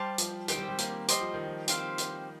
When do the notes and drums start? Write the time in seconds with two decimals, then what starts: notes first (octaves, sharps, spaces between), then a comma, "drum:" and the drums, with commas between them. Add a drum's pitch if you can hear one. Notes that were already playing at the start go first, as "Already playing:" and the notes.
Already playing: G3 G4 C5 F5 A5
0.18 F3, drum: hi-hat
0.48 D#3 C4 G4 C5 G5, drum: hi-hat
0.57 G3
0.68 G3
0.78 A#3, drum: hi-hat
1.08 G3 G4 C5 D#5, drum: hi-hat
1.21 F3
1.34 D#3
1.47 F3
1.68 C4 G4 C5 F5, drum: hi-hat
1.98 drum: hi-hat